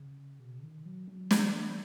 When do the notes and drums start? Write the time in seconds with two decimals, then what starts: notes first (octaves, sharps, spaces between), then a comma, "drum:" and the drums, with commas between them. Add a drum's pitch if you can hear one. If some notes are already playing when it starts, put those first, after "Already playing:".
Already playing: C#3
0.40 B2
0.59 C#3
0.63 D#3
0.85 F#3
1.08 F#3
1.31 E3, drum: snare